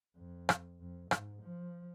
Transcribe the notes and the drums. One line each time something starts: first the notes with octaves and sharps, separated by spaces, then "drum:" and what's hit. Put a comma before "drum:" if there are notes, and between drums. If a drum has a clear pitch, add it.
F2
drum: rim click
F2
G#2, drum: rim click
F3